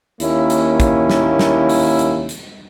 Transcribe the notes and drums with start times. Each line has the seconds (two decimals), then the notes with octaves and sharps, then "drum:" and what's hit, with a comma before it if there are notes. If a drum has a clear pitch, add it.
0.20 D#2 A#3 C#4 E4, drum: hi-hat
0.50 drum: hi-hat
0.80 drum: kick, hi-hat
1.10 drum: snare
1.39 drum: snare
1.69 drum: open hi-hat
1.99 drum: hi-hat
2.29 drum: hi-hat